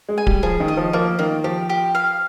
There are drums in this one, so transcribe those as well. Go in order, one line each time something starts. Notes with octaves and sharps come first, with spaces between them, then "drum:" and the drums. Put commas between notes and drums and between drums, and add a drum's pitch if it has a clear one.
G#3
G#5
G3, drum: kick D1
F3 G#4
D#3
D#5
F3
F3 A#3
D#3 A#3
F3 G4
G4
F5